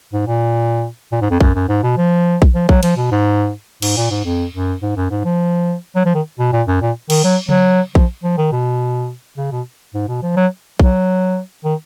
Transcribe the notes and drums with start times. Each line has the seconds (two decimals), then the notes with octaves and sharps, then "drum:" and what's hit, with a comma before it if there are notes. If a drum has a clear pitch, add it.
0.13 G#2
0.27 A#2
1.12 A#2
1.21 G#2
1.31 F2
1.41 F#2, drum: kick A#1
1.55 F#2
1.69 G#2
1.83 B2
1.97 F3
2.42 drum: kick A#1
2.54 F3
2.69 F#3, drum: kick A#1
2.83 F3, drum: cymbal
2.97 B2
3.11 G#2
3.82 G#2, drum: cymbal
3.97 A#2
4.11 G#2
4.25 F2
4.54 F#2
4.82 G#2
4.97 F#2
5.11 G#2
5.25 F3
5.96 F#3
6.06 F3
6.15 D#3
6.39 B2
6.52 A#2
6.67 F#2
6.81 A#2
7.10 D#3, drum: cymbal
7.24 F#3
7.49 F#3, drum: tom C#3
7.95 F3, drum: kick A#1
8.24 F3
8.38 D#3
8.52 B2
9.37 C#3
9.52 B2
9.94 G#2
10.08 B2
10.22 F3
10.37 F#3
10.79 F#3, drum: kick A#1
11.65 D#3